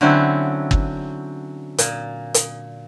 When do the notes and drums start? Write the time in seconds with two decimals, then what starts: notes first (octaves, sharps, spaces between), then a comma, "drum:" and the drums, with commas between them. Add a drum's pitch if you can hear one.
0.01 D3 F#3 C4 C#4 E4
0.71 drum: kick G1
1.78 A#2, drum: hi-hat
2.34 drum: hi-hat